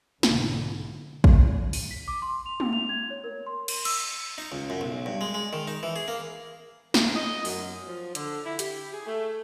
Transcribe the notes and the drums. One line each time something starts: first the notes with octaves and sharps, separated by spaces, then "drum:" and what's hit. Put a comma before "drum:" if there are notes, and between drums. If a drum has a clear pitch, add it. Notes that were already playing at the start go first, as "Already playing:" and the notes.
B1 G#2 D3, drum: snare
drum: kick
D#7, drum: open hi-hat
B6
D6
C6
F7
drum: tom
F7
G#6
C#5
A#4
C6
F#7, drum: cymbal
E6, drum: cymbal
D#4
C#2
F#2
B1
G2
G#3
G#3
D#3
D#4
E3
G#4
A#3
G#3, drum: snare
D#5
F#2, drum: open hi-hat
F3
D3, drum: hi-hat
E4
G4, drum: hi-hat
G#4
A3